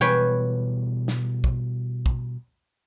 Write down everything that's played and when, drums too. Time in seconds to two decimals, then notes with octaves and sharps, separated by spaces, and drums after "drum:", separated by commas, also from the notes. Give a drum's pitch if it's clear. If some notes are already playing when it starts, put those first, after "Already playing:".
0.01 B2 E3 G3 B4 C#5 G5
1.08 drum: snare
1.44 drum: kick
2.06 drum: kick